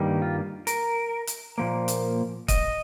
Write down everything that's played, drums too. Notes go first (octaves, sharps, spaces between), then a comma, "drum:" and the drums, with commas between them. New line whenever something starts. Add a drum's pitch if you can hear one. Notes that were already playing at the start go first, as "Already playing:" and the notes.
Already playing: G2 D#3 G3 A#3
F4
A#4, drum: hi-hat
drum: hi-hat
A#2 F3 A#3
drum: hi-hat
D#5, drum: kick, hi-hat